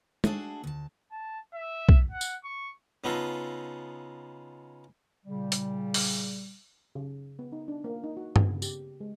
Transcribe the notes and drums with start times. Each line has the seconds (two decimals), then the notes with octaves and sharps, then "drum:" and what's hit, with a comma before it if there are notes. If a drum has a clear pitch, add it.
0.24 A3 D4 F#4 G#4 A4, drum: tom G#3
0.64 D2 A5
1.11 A5
1.54 E5
1.89 drum: kick B1
2.12 F#5
2.21 drum: tambourine
2.44 C#6
3.04 C#3 B3 D#4 F4 A4
5.26 A#2 C#3 G3
5.52 drum: hi-hat
5.94 drum: open hi-hat
6.95 C#3
7.39 B3
7.52 D#4
7.68 D4
7.84 A#3
8.04 D#4
8.17 F#4
8.36 B3, drum: tom G2
8.51 C#3
8.62 G4, drum: tambourine
9.01 G#3